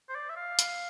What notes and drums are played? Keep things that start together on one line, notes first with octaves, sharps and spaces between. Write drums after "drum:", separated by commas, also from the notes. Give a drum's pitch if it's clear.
C5
D5
E5
F5
drum: hi-hat